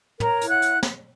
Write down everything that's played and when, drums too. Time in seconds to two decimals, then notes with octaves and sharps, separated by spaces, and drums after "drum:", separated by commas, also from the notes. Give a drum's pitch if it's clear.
0.20 A#4 C#5 A#5, drum: tom
0.41 E4, drum: hi-hat
0.49 F#5 F#6
0.62 drum: hi-hat
0.83 drum: snare